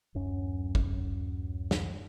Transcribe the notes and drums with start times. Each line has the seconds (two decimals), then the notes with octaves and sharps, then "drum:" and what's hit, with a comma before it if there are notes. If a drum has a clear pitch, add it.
0.15 D1 F#2 C#4
0.75 drum: kick G1
1.71 drum: snare